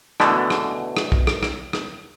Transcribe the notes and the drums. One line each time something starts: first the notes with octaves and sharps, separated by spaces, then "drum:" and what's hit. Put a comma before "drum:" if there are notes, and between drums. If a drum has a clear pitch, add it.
B2 D3 E3 A3, drum: rim click
drum: rim click
drum: rim click
drum: kick B1
drum: rim click
drum: rim click
drum: rim click